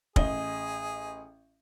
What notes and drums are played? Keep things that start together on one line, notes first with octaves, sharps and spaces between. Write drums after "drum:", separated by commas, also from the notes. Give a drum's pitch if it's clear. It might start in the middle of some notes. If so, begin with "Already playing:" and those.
A1 G#4 D#5 G7, drum: kick